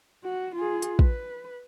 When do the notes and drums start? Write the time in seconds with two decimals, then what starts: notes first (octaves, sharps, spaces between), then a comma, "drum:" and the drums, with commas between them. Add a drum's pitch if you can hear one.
0.24 F#4
0.56 F4 G#4
0.82 drum: hi-hat
0.99 B4, drum: kick